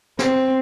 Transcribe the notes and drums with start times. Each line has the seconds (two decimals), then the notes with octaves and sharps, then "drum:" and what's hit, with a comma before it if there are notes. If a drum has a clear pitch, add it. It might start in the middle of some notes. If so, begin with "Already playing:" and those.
0.19 C4, drum: snare